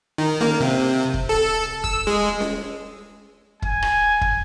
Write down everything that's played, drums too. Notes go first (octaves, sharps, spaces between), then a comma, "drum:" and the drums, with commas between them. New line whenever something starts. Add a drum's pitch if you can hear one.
D#3
A#3, drum: snare C#4
C3
drum: kick
A4
E6, drum: kick
G#3
drum: snare C#4
G#5, drum: kick
drum: rim click
drum: kick